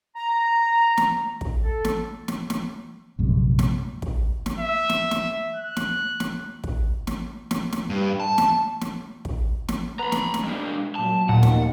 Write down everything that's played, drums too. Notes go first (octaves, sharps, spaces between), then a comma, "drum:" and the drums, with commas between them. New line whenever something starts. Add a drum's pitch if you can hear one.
A#5
drum: snare
drum: kick
A4
drum: snare
drum: snare
drum: snare
A#1 F#2 C3 G#3
drum: snare
drum: kick
drum: snare
E5
drum: snare
drum: snare
F#6
drum: snare
drum: snare
drum: kick
drum: snare
drum: snare
drum: snare
G2
A5
drum: snare
drum: snare
drum: kick
drum: snare
B3 A#5 B5
drum: snare
drum: snare
G#3 D4
A#2 F#3 A5
D#2 A#2 F#5
drum: snare